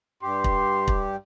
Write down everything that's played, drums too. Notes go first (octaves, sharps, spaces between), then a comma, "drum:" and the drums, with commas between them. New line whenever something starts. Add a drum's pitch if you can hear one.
G2 G4 C6
drum: kick
drum: kick